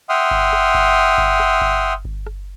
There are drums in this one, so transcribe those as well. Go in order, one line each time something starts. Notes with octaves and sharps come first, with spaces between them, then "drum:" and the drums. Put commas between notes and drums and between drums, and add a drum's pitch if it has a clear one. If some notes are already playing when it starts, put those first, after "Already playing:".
E5 F#5 G5 C6 D#6 F6
drum: kick G1
drum: rim click
drum: kick G1
drum: kick G1
drum: rim click
drum: kick G1
drum: kick G1
drum: rim click